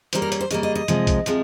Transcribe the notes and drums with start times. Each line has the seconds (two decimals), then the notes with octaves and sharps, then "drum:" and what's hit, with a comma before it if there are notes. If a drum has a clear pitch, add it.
0.13 C#3 G3 A#3 C5, drum: hi-hat
0.22 A#4
0.32 C#5, drum: hi-hat
0.41 C5
0.51 C#3 G3 A#3 D#5, drum: hi-hat
0.63 D#5
0.75 D#5
0.88 C3 F3 G#3, drum: hi-hat
1.07 drum: kick, hi-hat
1.26 C3 F3 G#3, drum: hi-hat